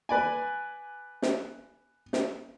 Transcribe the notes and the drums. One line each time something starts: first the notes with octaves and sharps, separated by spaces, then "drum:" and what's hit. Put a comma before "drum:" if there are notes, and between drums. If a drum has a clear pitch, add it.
B4 D5 G#5
drum: snare
drum: snare